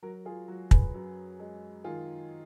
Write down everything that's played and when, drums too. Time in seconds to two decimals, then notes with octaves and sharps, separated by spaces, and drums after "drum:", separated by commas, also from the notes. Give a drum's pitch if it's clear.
0.03 F#3 F#4 A#4
0.25 F4 G#4
0.48 F#3 F#4
0.71 G#4 B4, drum: kick
0.94 F#2
1.40 G#3
1.84 D#3 F4 G#4